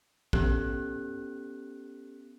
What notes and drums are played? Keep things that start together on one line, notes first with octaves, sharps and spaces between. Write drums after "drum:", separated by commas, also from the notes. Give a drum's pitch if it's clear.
B3 C#4 G4 A4 F#6, drum: kick A#1